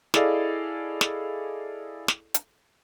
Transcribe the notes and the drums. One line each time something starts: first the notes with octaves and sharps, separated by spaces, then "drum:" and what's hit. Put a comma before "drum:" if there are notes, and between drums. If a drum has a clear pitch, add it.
E4 G#4 A4 D5 D#5 F5, drum: snare
drum: snare
drum: snare
drum: hi-hat